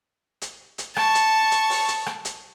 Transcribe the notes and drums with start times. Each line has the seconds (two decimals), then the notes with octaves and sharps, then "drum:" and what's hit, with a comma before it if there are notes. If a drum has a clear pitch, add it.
0.42 drum: hi-hat
0.78 drum: hi-hat
0.96 A5 C#6, drum: rim click
1.15 drum: hi-hat
1.51 drum: hi-hat
1.70 drum: open hi-hat
1.88 drum: hi-hat
2.06 drum: rim click
2.25 drum: hi-hat